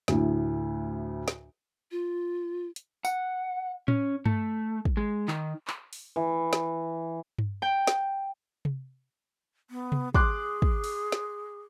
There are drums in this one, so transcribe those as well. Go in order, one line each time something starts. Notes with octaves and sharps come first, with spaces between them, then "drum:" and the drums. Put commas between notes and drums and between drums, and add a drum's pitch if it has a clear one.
D2 A2, drum: snare
drum: snare
F4
drum: hi-hat
F#5, drum: tambourine
C#4, drum: tom A2
A3, drum: tom G2
drum: kick
G#3
D#3, drum: clap
drum: clap
drum: open hi-hat
E3
drum: snare
drum: tom G2
G5
drum: snare
drum: tom C3
B3
drum: tom C3
G#4 C6 D6 F#6, drum: kick
drum: kick
drum: open hi-hat
drum: snare